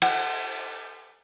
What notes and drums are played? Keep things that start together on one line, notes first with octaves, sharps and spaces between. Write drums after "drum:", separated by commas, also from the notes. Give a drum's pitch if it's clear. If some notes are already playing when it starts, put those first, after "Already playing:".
F#5, drum: cymbal